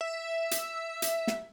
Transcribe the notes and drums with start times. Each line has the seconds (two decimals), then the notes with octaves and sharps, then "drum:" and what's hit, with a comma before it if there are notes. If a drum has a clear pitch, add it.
0.01 E5
0.51 drum: hi-hat
1.02 drum: hi-hat
1.27 drum: snare